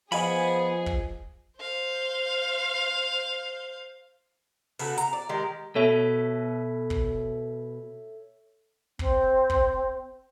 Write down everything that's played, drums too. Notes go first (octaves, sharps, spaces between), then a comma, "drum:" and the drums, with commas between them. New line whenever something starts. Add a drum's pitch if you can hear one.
F3 B3 G#4 D#5 F5 G#5 B5, drum: open hi-hat
drum: kick
C5 F5
C#3 B3 F#4 A4, drum: open hi-hat
A#5, drum: hi-hat
D5
D#3 G#3 G4 A#4
B2 A4 C#5 E5
drum: kick
C4, drum: kick
drum: kick